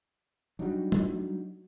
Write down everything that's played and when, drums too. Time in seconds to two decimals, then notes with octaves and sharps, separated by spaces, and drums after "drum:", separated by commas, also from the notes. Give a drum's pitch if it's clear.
0.59 F#3 G3 D4 D#4 F#4
0.92 drum: tom